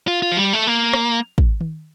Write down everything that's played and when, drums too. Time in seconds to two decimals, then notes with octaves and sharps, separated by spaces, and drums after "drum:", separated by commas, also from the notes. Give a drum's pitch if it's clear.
0.08 F4
0.22 F4
0.32 F3
0.37 G3
0.53 A3
0.67 A#3
0.93 drum: rim click
1.38 drum: kick
1.61 drum: tom D#3